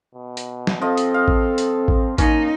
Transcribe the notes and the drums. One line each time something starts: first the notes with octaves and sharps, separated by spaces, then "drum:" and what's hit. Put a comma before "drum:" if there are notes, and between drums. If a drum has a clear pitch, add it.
B2
drum: hi-hat
drum: snare
F3 C4 A4 D#5
drum: hi-hat
F5
drum: kick A1
drum: hi-hat
drum: kick A1
A#3 C#4 D#4, drum: kick A1, hi-hat